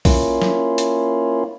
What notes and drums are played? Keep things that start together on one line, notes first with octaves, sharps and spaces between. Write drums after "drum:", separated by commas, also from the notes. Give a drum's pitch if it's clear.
A#3 C#4 E4 F4, drum: kick, open hi-hat
drum: snare
drum: hi-hat